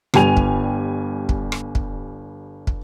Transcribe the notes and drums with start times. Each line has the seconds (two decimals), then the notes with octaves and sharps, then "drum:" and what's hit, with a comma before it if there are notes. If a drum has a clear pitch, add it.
0.14 G1 G3 G#5 F7, drum: rim click
0.37 drum: kick
1.29 drum: kick
1.52 drum: rim click
1.75 drum: kick
2.67 drum: kick